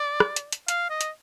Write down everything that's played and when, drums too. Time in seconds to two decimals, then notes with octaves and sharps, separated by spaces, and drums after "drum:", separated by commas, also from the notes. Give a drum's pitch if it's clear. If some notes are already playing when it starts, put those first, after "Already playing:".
Already playing: D5
0.20 drum: rim click
0.36 drum: hi-hat
0.52 drum: hi-hat
0.68 F5, drum: hi-hat
0.90 D#5
1.01 drum: hi-hat